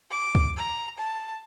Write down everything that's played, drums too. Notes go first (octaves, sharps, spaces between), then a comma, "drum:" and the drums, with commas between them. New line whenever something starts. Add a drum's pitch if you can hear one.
D6
drum: kick
A#5
A5